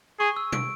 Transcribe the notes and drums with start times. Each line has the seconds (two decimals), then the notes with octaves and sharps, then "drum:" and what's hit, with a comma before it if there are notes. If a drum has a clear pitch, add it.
0.20 G#4 C#6
0.37 E6
0.52 D7, drum: tom B2